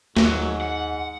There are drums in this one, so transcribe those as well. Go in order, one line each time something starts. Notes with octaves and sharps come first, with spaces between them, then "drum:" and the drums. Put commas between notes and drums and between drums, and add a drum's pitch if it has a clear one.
D#2 G#2 F#3, drum: snare
F#5